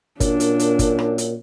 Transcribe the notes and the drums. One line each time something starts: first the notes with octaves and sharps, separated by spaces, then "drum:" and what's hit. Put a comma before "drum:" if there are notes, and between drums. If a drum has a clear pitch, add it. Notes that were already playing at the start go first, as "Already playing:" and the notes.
F#2 A#2 D4, drum: kick G1, hi-hat
drum: hi-hat
drum: hi-hat
drum: kick G1, hi-hat
drum: rim click
drum: hi-hat